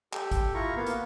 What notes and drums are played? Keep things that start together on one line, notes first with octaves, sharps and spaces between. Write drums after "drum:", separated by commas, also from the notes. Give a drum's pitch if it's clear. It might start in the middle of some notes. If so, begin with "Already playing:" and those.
G4 A4, drum: clap
drum: kick, hi-hat
E4 F4 A#5 C#6
A#3 B3 F5
drum: hi-hat